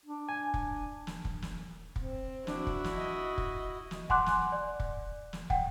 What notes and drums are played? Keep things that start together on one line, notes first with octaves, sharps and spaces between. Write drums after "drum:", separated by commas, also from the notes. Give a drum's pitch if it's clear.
D4
G#5
drum: kick
drum: snare
drum: kick
drum: snare
C4, drum: kick
D4 E4 F#4, drum: snare
drum: kick
drum: snare
D#5
drum: kick
drum: snare
F#5 G#5 C6 D6 F#6, drum: kick
drum: snare
D5
drum: kick
drum: snare
F#5 G5, drum: kick